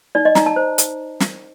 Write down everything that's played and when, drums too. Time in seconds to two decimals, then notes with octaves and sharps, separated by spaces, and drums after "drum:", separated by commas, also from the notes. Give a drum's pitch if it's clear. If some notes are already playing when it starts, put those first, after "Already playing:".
0.15 D#4 D5
0.25 D#5
0.35 D#4 A#5, drum: snare
0.46 A5
0.56 C5
0.78 drum: hi-hat
1.20 drum: snare